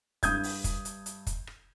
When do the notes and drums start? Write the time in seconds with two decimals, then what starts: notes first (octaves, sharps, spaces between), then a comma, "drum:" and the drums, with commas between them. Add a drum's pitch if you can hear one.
0.23 G2 D#6 G6 G#6, drum: kick, hi-hat
0.43 drum: open hi-hat
0.64 drum: kick, hi-hat
0.85 drum: hi-hat
1.06 drum: hi-hat
1.27 drum: kick, hi-hat
1.47 drum: rim click